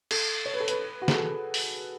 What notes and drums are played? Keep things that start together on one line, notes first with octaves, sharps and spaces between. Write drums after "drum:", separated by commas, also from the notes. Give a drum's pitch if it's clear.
A4, drum: cymbal
C#5
B4
A4
B4, drum: hi-hat
F#4
G#4, drum: snare
A4
drum: open hi-hat